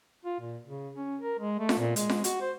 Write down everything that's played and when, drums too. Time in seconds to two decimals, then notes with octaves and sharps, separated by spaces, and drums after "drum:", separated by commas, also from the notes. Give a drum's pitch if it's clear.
0.25 F4
0.40 A#2
0.66 C#3
0.95 C#4
1.21 A#4
1.39 G#3
1.59 A3
1.69 drum: snare F4
1.78 A#2
1.96 G#3, drum: hi-hat
2.09 drum: snare F4
2.24 F#4, drum: hi-hat
2.41 C5